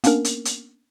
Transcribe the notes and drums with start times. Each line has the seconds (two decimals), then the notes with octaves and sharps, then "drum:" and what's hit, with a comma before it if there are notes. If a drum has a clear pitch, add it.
0.04 A#3 B3 C#4 D4 A#4, drum: hi-hat
0.25 drum: hi-hat
0.45 drum: hi-hat